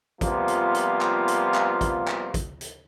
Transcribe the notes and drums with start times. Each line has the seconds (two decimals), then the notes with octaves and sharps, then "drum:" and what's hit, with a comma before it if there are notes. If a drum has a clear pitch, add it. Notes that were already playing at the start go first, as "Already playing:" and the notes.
0.21 C3 F3 G3 A#3 B3 F4, drum: kick, hi-hat
0.48 drum: hi-hat
0.74 drum: hi-hat
1.01 drum: clap
1.28 drum: hi-hat
1.54 drum: clap
1.81 drum: kick, hi-hat
2.08 drum: clap
2.34 drum: kick, hi-hat
2.61 drum: hi-hat